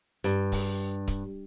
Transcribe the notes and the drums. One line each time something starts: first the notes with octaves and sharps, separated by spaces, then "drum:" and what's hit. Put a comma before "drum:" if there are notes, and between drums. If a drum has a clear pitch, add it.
G2, drum: hi-hat
drum: kick C#1, open hi-hat
drum: kick C#1, hi-hat